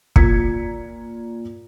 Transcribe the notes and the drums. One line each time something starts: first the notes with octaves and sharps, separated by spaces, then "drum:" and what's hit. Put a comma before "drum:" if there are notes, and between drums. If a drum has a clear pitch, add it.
A#2 F4 A#5 G#6 B6 C#7, drum: kick